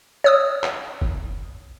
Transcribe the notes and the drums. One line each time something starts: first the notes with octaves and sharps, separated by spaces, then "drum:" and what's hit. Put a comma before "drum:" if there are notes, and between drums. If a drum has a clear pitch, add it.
C#5 D#6 E6
drum: clap
drum: kick